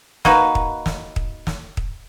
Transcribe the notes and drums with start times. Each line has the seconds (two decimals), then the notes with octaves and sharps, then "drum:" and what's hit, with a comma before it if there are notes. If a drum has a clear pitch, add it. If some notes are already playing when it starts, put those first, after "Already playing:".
0.25 A#3 D#4 F#4 B4, drum: snare
0.55 drum: kick
0.86 drum: snare
1.16 drum: kick
1.47 drum: snare
1.77 drum: kick